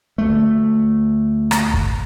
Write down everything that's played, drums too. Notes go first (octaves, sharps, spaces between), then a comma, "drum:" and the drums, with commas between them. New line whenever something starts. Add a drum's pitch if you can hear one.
D2 A3
drum: rim click
drum: kick